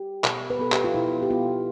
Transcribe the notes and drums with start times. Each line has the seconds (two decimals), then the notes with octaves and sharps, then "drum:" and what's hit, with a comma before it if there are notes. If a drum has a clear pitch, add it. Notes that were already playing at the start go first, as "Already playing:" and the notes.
Already playing: G4
0.24 B2, drum: clap
0.50 B4
0.59 B3 A4
0.72 G4, drum: clap
0.84 F4
0.94 B2 E4
1.22 G4
1.30 B3 F4